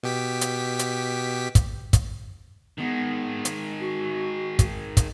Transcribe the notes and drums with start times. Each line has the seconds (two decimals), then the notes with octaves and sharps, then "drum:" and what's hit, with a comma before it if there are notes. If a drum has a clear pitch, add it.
0.03 B2 G4 B6
0.41 drum: hi-hat
0.79 drum: hi-hat
1.55 drum: kick, hi-hat
1.93 drum: kick, hi-hat
2.78 D#3 G#3 B3
3.45 drum: hi-hat
3.79 F#4
4.59 drum: kick, hi-hat
4.97 drum: kick, hi-hat